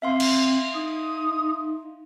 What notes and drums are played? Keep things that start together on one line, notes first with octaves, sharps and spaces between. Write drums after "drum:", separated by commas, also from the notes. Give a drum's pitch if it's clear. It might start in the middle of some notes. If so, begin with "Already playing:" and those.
C4 E5 F5 C6
drum: cymbal
D#4 D#6